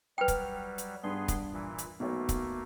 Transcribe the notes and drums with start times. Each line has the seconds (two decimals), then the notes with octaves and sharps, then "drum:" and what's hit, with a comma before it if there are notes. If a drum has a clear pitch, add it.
0.18 F#3 G3 B4 G5
0.28 drum: kick, hi-hat
0.78 drum: hi-hat
1.03 G2 B3 G#4 C6
1.28 drum: kick, hi-hat
1.53 A#2 E3
1.79 drum: hi-hat
2.00 B1 B2 A3 A#3
2.29 drum: kick, hi-hat